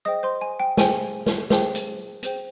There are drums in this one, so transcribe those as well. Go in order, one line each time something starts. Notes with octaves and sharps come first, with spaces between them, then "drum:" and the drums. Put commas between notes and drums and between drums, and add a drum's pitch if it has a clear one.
G#4 C5 D#5 G5 D#6
C5 C6
G#5
G5
G#4 C5 G5 G#5, drum: snare
drum: snare
G#4 C5 G5, drum: snare
drum: hi-hat
G#4 C5 G5, drum: hi-hat